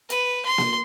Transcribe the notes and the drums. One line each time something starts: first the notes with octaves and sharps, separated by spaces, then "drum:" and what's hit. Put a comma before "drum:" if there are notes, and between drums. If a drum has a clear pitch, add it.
B4, drum: hi-hat
C6
drum: snare A#3